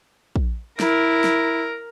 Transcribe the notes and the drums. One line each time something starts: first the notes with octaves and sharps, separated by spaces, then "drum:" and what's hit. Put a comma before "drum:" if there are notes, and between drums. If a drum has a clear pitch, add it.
drum: kick A#1
E4 A#4, drum: snare
drum: snare